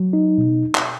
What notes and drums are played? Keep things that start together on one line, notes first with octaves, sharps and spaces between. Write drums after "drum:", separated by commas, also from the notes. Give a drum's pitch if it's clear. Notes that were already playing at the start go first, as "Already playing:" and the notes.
Already playing: F#3
D#4
B2
drum: clap